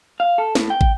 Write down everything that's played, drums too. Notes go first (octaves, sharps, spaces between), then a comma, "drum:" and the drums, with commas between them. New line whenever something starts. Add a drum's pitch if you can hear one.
F5
A4
A2, drum: snare
G5
drum: kick